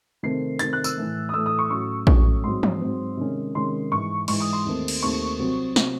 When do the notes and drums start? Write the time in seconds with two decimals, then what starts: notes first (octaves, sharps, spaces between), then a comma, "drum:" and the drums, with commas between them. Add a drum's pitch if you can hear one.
0.23 C3 D#3 A3 C4 C7
0.59 C3 D#3 A3 C4 A6, drum: hi-hat
0.73 F#6
0.84 E6, drum: tambourine
0.97 A2 E3 A3
1.29 D#6
1.33 A2 E3 A3 E6
1.46 D#6
1.59 C#6
1.70 A2 F#3 C#4 C#6
2.07 A2 F#3 C#4, drum: kick A#1
2.44 G#2 F#3 C4 C6
2.63 drum: tom E3
2.81 G#2 F#3 C4
3.17 C3 D#3 G#3 C#4
3.55 C3 D#3 G#3 C#4 C6
3.91 G#2 E3 G#3 C#6
4.28 G#2 E3 G#3 C#6, drum: cymbal
4.41 D#6
4.53 C6
4.65 D#2 D#3 A3 C4
4.88 drum: cymbal
5.02 D#2 D#3 A3 C4 C#6
5.39 C2 C3 F#3 C4
5.76 C3 F#3 C4, drum: snare